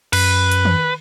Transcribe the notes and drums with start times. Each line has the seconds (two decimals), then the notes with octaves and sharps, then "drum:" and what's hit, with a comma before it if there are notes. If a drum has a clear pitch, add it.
0.13 F#2 B4, drum: cymbal
0.52 drum: hi-hat
0.65 drum: tom D#3